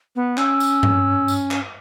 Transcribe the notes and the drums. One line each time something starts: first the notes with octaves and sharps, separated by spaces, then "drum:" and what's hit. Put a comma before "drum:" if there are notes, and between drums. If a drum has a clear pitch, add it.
B3
C#4 E6, drum: clap
drum: tambourine
drum: tom G2
drum: tambourine
drum: clap